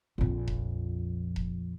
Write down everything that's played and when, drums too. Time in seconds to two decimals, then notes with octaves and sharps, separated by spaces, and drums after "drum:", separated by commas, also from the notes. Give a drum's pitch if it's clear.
0.18 A#1 F2
0.48 drum: kick E1
1.36 drum: kick E1